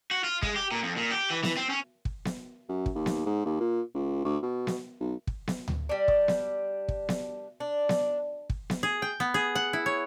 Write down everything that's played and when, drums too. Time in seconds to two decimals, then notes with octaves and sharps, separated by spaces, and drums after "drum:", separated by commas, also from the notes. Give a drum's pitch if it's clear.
0.11 F#4
0.24 F4
0.43 G#3, drum: kick
0.56 G4
0.72 A#2
0.83 F2
0.97 A#2
1.12 G4
1.30 E3
1.43 E3, drum: snare B3
1.57 C4
1.70 C#4
2.05 drum: kick
2.25 drum: snare B3
2.69 F#2
2.86 drum: kick
2.95 D#2
3.06 drum: snare B3
3.26 G#2
3.45 D#2
3.60 A#2
3.95 C#2
4.25 D2
4.43 B2
4.67 drum: snare B3
5.00 B1
5.27 drum: kick
5.48 drum: snare B3
5.68 drum: tom D2
5.89 G3 D4
6.08 drum: kick
6.28 drum: snare B3
6.88 drum: kick
7.09 drum: snare B3
7.60 D4
7.89 drum: snare B3
8.50 drum: kick
8.70 drum: snare B3
8.83 G#4
9.02 G5
9.20 B3
9.34 G#4
9.55 F#5
9.73 E4
9.86 C#5